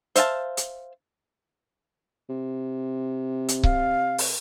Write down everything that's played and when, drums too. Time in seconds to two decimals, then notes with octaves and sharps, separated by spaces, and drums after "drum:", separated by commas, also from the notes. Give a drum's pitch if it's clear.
0.16 C5 E5 F5 G5 A5, drum: hi-hat
0.57 drum: hi-hat
2.29 C3
3.48 drum: hi-hat
3.63 F5, drum: kick C#1
4.18 drum: open hi-hat